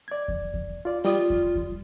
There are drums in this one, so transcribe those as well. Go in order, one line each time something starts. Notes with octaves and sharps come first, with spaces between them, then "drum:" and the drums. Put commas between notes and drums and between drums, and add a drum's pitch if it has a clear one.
D5 G#6
drum: kick E2
drum: kick E2
F4 D5
G3 F4 D5 D#6
drum: kick E2
drum: kick E2